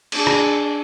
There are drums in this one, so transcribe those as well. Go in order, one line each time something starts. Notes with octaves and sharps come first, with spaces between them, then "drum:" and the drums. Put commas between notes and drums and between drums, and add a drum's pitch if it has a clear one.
D4 G#4, drum: cymbal
drum: rim click